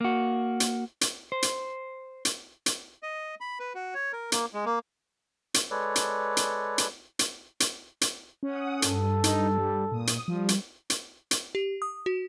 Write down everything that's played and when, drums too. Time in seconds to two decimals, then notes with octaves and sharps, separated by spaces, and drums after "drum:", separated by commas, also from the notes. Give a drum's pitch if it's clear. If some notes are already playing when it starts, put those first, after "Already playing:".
0.01 A#3 F#4
0.60 drum: hi-hat
1.01 drum: hi-hat
1.32 C5
1.42 drum: hi-hat
2.25 drum: hi-hat
2.66 drum: hi-hat
3.03 D#5
3.41 B5
3.60 B4
3.75 F#4
3.95 C#5
4.13 A#4
4.32 A#3, drum: hi-hat
4.54 G#3
4.66 A#3
5.54 drum: hi-hat
5.71 G#3 A4 B4 C#5 D5
5.96 drum: hi-hat
6.37 drum: hi-hat
6.78 drum: hi-hat
7.19 drum: hi-hat
7.60 drum: hi-hat
8.01 drum: hi-hat
8.43 C#4 F#5 D#6
8.82 G2 A4, drum: hi-hat
9.24 D#4, drum: hi-hat
9.58 G3
9.92 A#2 D#6
10.07 drum: hi-hat
10.28 F3 G3
10.49 drum: hi-hat
10.90 drum: hi-hat
11.31 drum: hi-hat
11.55 G4
11.82 D#6
12.06 F#4